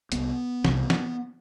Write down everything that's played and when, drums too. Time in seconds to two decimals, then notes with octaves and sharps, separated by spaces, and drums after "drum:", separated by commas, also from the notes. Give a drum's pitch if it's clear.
0.12 C2 C3 B3, drum: hi-hat
0.65 C2 C3, drum: snare
0.90 drum: snare